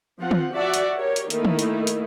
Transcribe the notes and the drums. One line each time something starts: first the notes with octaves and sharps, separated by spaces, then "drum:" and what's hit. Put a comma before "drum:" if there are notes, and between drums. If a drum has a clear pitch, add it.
F3 C4 F4 F#5
drum: tom
F#4 D5 E5 F#5 A5
drum: hi-hat
G4 A#4 C#5
drum: hi-hat
D#3 A3 A#3 D#4 E4, drum: hi-hat
drum: tom
drum: hi-hat
drum: hi-hat